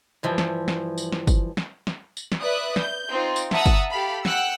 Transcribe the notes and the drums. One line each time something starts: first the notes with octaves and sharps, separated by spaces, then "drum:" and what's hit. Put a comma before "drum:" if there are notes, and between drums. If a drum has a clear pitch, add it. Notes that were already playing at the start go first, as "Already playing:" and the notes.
G2 E3 F3
drum: snare
drum: snare
drum: tambourine
drum: snare
drum: kick, tambourine
drum: snare
drum: snare
drum: tambourine
drum: snare
B4 D5 E5 D#6 F#6
G6, drum: snare
C4 D#4 F4
drum: tambourine
E5 F#5 A5 A#5 D#6 E6, drum: snare
drum: kick, tambourine
G4 A4 F5 B5
F#5 G5 E6 F#6, drum: snare